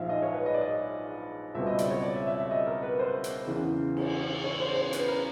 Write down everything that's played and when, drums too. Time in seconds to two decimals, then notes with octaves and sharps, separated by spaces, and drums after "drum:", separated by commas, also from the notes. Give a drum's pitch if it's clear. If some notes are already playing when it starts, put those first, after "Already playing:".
Already playing: A#1 G#2 F3 E5 F5
0.09 D#5
0.22 C#5
0.34 B4
0.46 D#5
0.54 D5
0.61 D#5
1.55 C#2 B2 G3 C4 E5
1.67 D#5
1.78 D5, drum: hi-hat
1.91 C#5
2.02 D5
2.15 E5
2.27 E5
2.39 E5
2.51 D#5
2.67 A#4
2.83 B4
2.99 C5
3.24 drum: hi-hat
3.47 E2 C#3 E3
3.97 drum: cymbal
4.44 C#5
4.60 C5
4.76 C5
4.93 B4, drum: hi-hat
5.08 A#4